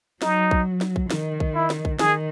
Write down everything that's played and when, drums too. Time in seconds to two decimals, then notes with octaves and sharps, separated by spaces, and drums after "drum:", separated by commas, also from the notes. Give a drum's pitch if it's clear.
0.22 F#3 D#4, drum: snare
0.51 drum: kick A#1
0.81 drum: snare
0.96 drum: kick A#1
1.11 D#3, drum: snare
1.40 drum: kick A#1
1.55 E4
1.70 drum: snare
1.85 drum: kick A#1
1.99 D#3 G#4, drum: snare